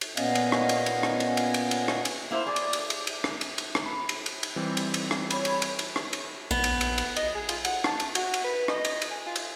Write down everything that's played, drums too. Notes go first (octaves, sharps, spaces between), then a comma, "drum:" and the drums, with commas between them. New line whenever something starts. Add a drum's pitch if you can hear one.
drum: cymbal
A#2 B3 C#4 D#5 F5 G#5, drum: cymbal
drum: cymbal
drum: rim click
drum: cymbal
drum: cymbal
drum: rim click
drum: cymbal
drum: cymbal
drum: cymbal
drum: cymbal
drum: rim click
drum: cymbal
A#3 E4 C5
G#4 D5
drum: cymbal
drum: cymbal
drum: cymbal
drum: cymbal
drum: rim click
drum: cymbal
drum: cymbal
drum: rim click
B5
drum: cymbal
drum: cymbal
drum: cymbal
E3 G3 C4
drum: cymbal
drum: cymbal
drum: rim click
C#5 B5, drum: cymbal
drum: cymbal
drum: cymbal
drum: cymbal
drum: rim click
drum: cymbal
A#1 B3
drum: cymbal
drum: cymbal
drum: cymbal
D#5, drum: cymbal
G#4
F4, drum: cymbal
F#5, drum: cymbal
A5, drum: rim click
drum: cymbal
F#4, drum: cymbal
drum: cymbal
B4
D#5, drum: rim click
drum: cymbal
drum: cymbal
G#5
F4
drum: cymbal